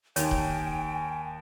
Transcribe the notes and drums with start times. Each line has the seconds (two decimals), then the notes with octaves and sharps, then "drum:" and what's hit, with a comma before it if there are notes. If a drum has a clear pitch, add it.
0.16 D#2 D#4 C#5 G5 G#5, drum: hi-hat
0.31 drum: kick D#1